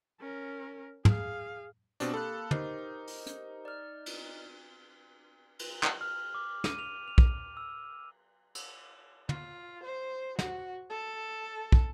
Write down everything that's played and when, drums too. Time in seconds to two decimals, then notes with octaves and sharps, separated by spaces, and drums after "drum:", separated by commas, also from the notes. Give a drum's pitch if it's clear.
0.20 C#4 A#4
1.05 G#4 F5, drum: tom
2.00 B2 C4 D4 G4, drum: hi-hat
2.14 A#3 A4 B5 F#6
2.51 D#4 G4 A#4 C5, drum: tom
3.08 drum: open hi-hat
3.27 drum: hi-hat
3.65 D5 F6
4.06 drum: cymbal
5.59 drum: cymbal
5.83 drum: clap
6.01 F6
6.35 D6
6.64 D#7, drum: snare
6.79 F7
7.08 F7
7.18 drum: kick
7.57 E6
8.55 drum: cymbal
9.29 F4, drum: tom
9.84 C5
10.39 F#4, drum: snare
10.90 A4
11.72 drum: kick